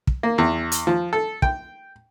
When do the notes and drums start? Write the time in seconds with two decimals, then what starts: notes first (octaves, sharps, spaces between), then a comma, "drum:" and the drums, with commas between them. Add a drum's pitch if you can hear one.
0.07 drum: kick
0.23 A#3
0.38 E2
0.72 drum: hi-hat
0.87 F3
1.13 A4
1.42 G5, drum: kick